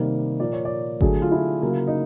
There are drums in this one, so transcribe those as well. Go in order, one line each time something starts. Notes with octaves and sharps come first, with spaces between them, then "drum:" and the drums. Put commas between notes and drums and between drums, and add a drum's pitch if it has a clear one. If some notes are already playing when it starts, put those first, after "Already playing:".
Already playing: C3 D#3 G3 A#3 D#5
A#2 F3 A#3 D5
C#5
D5
D3 F#3 A3 G#4, drum: kick G#1
F4
E4
C#3 F#3 A#3
D#4